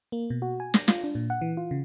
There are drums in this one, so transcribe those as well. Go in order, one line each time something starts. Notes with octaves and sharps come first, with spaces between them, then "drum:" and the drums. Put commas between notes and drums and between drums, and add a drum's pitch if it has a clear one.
A#3
B2
F#4
G#5
A#6, drum: snare
F4, drum: snare
D4
A#2
F#5
E3
F4
C#3